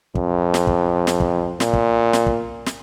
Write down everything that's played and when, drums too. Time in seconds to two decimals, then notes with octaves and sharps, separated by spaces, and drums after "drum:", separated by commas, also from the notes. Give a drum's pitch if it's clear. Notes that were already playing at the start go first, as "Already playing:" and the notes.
0.15 F2, drum: kick
0.54 drum: snare
0.67 drum: kick
1.07 drum: snare
1.20 drum: kick
1.60 A#2, drum: snare
1.73 drum: kick
2.13 drum: snare
2.26 drum: kick
2.66 drum: snare